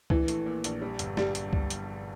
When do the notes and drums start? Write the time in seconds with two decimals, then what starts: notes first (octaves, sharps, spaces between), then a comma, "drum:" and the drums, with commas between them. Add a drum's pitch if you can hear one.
0.10 A#1 E3, drum: kick C#2
0.28 A3, drum: hi-hat
0.46 A#2
0.64 A#1, drum: hi-hat
0.82 G3
0.99 G1, drum: hi-hat
1.17 G3, drum: snare
1.35 drum: hi-hat
1.53 drum: kick C#2
1.70 drum: hi-hat